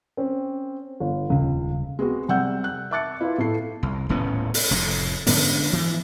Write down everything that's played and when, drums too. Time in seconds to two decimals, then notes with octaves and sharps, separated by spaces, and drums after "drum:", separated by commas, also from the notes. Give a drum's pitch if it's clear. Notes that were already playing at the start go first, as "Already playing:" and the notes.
0.17 C4 C#4
1.00 G1
1.30 D#1 C#2 C#3 C#4
1.99 G#3 B3 C4 F#4
2.29 C2 C4 F#5 G5 E6 G6
2.64 F#6
2.91 E5 A5 D6 F#6 A6 C#7
3.21 E4 F4 B4
3.38 A2 A3 B3 E4 A4 C7
3.83 C2
4.09 D#1 A2 B3 C#4
4.54 drum: open hi-hat
4.71 F1 F2 A2
5.27 G#2 D3 B3 C#4, drum: open hi-hat
5.73 E3 F3